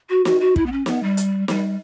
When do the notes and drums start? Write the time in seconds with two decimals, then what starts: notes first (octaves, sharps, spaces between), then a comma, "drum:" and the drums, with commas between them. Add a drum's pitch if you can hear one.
0.09 F#4
0.25 F#4, drum: snare
0.40 F#4
0.56 E4, drum: kick
0.66 B3
0.71 C#4
0.86 B3, drum: snare
1.02 G3
1.17 drum: hi-hat
1.48 G3, drum: snare